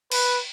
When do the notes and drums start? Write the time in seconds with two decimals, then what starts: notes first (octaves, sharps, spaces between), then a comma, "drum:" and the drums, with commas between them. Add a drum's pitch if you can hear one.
0.12 B4, drum: cymbal